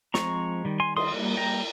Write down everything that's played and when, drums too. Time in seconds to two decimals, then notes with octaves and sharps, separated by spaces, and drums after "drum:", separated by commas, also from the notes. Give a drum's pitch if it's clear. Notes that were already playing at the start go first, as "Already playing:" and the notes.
0.14 F3 G#3 C4 A#5 C#6, drum: snare
0.65 D#3 G3
0.80 G#5 C6
0.96 C6 D#6, drum: cymbal
1.14 G3 A#3
1.37 G5 A#5